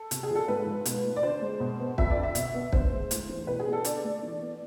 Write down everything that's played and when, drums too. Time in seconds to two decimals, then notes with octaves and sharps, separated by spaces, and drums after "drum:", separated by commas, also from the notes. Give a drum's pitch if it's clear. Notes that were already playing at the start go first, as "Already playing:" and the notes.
Already playing: A4
0.11 C3, drum: hi-hat
0.23 G#4
0.30 F3
0.35 A4
0.48 G#2 B4
0.67 F3
0.85 B2, drum: hi-hat
1.05 A3
1.16 D5
1.23 D3 C5
1.41 G#3
1.60 B2
1.79 B3
1.98 F2 E5, drum: kick
2.11 D5
2.16 D3
2.23 E5
2.35 B2, drum: hi-hat
2.54 B3
2.73 D3 C5, drum: kick
2.92 G#3
3.11 A2, drum: hi-hat
3.29 E3
3.47 B2 B4
3.60 G#4
3.67 B3
3.73 A4
3.84 D3 D5, drum: hi-hat
4.04 A3
4.23 E3
4.41 B3